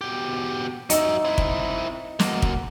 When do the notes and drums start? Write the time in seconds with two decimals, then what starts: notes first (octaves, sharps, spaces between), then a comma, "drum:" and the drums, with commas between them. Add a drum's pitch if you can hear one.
0.01 B2 G4
0.90 F#3 D#4 E5, drum: hi-hat
1.25 C4 E4
1.38 drum: kick
2.19 F#3 A#3, drum: snare
2.42 drum: kick